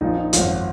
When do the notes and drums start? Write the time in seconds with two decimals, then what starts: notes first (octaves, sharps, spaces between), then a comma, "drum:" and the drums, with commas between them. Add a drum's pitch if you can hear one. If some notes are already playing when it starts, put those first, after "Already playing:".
0.01 A#1 A#2 F3 D#4
0.17 D#4
0.33 G#1 F#2 F3 F4, drum: hi-hat